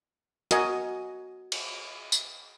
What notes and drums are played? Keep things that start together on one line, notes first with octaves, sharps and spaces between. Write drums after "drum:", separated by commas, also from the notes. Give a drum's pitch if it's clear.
F#4 A#4 D#5 G#5, drum: hi-hat
drum: cymbal
drum: tambourine